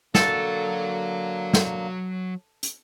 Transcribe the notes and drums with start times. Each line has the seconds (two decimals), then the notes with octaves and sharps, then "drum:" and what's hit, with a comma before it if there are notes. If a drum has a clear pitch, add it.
0.15 D3 F#3 A#3 F#4 A4, drum: snare
1.54 drum: snare
2.63 drum: hi-hat